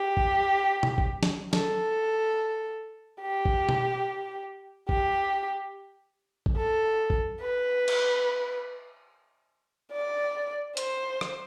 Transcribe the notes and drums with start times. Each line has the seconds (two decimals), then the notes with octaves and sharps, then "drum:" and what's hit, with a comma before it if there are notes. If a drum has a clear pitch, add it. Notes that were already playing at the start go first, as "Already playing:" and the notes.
Already playing: G4
0.17 drum: kick A1
0.83 drum: tom B2
0.98 drum: kick A1
1.23 drum: snare
1.53 A4, drum: snare
3.22 G4
3.45 drum: kick A1
3.69 drum: tom B2
4.89 G4, drum: kick A1
6.46 drum: kick A1
6.57 A4
7.10 drum: kick A1
7.41 B4
7.88 drum: cymbal
9.92 D5
10.77 C5, drum: hi-hat
11.21 drum: rim click